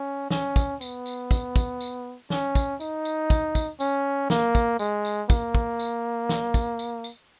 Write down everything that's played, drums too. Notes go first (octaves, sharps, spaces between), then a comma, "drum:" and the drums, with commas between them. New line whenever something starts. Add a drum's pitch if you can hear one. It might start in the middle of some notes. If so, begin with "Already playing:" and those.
Already playing: C#4
C#4, drum: snare
drum: kick, tambourine
B3, drum: tambourine
drum: tambourine
drum: kick, tambourine
drum: kick, tambourine
drum: tambourine
C#4, drum: snare
drum: kick, tambourine
D#4, drum: tambourine
drum: tambourine
drum: kick, tambourine
drum: kick, tambourine
C#4, drum: tambourine
A#3, drum: snare
drum: kick, tambourine
G#3, drum: tambourine
drum: tambourine
A#3, drum: kick, tambourine
drum: kick
drum: tambourine
drum: snare
drum: kick, tambourine
drum: tambourine
drum: tambourine